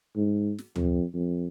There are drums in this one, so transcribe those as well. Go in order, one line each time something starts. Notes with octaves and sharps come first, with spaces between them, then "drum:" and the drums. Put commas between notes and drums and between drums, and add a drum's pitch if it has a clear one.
G#2
drum: snare
F2, drum: tom D2
F2